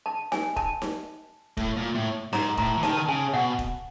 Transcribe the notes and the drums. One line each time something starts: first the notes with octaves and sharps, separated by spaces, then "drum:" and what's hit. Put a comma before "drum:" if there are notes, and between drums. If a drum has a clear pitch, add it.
A5
G#5, drum: snare D#4
A5, drum: kick E1
drum: snare D#4
A2, drum: kick E1
A#2
A2
G#2 A#5, drum: snare D#4
A2 A#5, drum: kick E1
E3
D#3 A5, drum: snare D#4
A5
C#3 G#5
B2 F#5
drum: kick E1